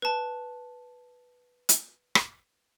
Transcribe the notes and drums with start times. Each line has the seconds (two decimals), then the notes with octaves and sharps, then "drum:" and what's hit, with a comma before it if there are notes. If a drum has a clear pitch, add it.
0.02 B4 A5
1.69 drum: hi-hat
2.15 drum: rim click